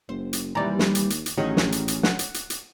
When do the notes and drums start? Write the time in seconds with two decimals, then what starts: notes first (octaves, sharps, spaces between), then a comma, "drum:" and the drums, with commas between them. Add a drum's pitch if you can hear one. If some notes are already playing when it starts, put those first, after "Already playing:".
0.09 F#1 C5
0.33 drum: hi-hat
0.55 D#2 C3 E3 G3 D5 A#5
0.79 drum: snare
0.95 drum: hi-hat
1.10 drum: hi-hat
1.26 drum: hi-hat
1.37 A1 D#3 F#3 C#4 D#4 G4 G#4
1.57 drum: snare
1.72 drum: hi-hat
1.88 drum: hi-hat
2.03 F#5, drum: snare
2.19 drum: hi-hat
2.34 drum: hi-hat
2.50 drum: hi-hat